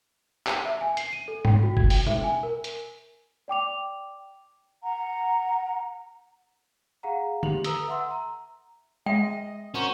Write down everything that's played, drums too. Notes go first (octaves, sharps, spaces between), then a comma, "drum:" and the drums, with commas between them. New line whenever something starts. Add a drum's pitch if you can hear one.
drum: clap
E5
G#5
C7, drum: hi-hat
D#7
A4
G5, drum: tom G#2
F#4
G#6, drum: kick F#1
G5, drum: open hi-hat
E5, drum: tom B2
G#5
A#4
drum: hi-hat
D5 G5 D6 F7
F#5 A#5
G#4 F5 F#5 A#5
G4 F7 F#7, drum: tom
A4 B4 A#5 D#6 E6, drum: hi-hat
E5 F#5 C6 E6
A#5
G#3 D#5 E5 G5
C#4 F#4 A#4 C5 C#6 E7